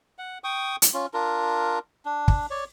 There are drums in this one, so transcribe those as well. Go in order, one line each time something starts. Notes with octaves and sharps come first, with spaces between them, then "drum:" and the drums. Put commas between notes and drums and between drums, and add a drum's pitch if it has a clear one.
F#5
G5 C#6 D#6
drum: hi-hat
C#4 F4
D4 F4 A#4
D4
drum: kick
C#5 D5